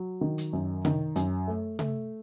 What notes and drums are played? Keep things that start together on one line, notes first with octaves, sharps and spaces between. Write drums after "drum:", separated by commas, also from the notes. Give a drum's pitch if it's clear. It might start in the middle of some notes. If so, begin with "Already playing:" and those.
Already playing: F#3
D#3
drum: hi-hat
F#2
D#3, drum: tom C3
F#2, drum: hi-hat
A3
A3, drum: tom C3